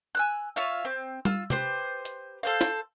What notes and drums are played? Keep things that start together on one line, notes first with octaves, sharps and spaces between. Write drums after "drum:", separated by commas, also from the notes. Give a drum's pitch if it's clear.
G#5 E6 F#6
F4 C#5 E5 F5
C4
F4 E6, drum: tom G3
G4 B4 C5 C6, drum: tom C3
drum: hi-hat
A4 C5 F5
drum: snare